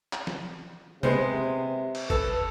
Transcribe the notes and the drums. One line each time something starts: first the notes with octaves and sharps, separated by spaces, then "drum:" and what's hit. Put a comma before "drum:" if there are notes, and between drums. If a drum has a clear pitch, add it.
drum: clap
drum: snare
C3 G#3 B3 C5, drum: tom
drum: cymbal
A4 B4, drum: kick G#1